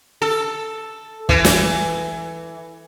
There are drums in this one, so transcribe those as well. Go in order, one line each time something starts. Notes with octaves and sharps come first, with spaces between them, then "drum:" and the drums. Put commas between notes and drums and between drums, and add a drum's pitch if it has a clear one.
A4
E3, drum: kick
drum: snare